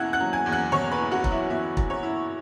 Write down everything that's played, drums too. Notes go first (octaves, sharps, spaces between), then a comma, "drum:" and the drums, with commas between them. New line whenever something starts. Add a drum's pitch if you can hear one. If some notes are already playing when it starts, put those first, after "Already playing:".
Already playing: E2 B2 F#3 E4 F#5 F#6 G#6
F#5 F#6
F#3
G#5 G#6
E2
F#5 F#6
B2 C#5 C#6
B4 B5
E4
F#4 F#5
F#3, drum: kick
E4 E5
E2 E4 E5
B2, drum: kick
C#5
E4